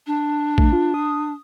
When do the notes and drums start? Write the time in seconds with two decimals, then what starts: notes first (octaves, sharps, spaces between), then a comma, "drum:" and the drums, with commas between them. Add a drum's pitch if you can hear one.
0.07 D4
0.58 A3, drum: kick A#1
0.72 F4
0.94 D#6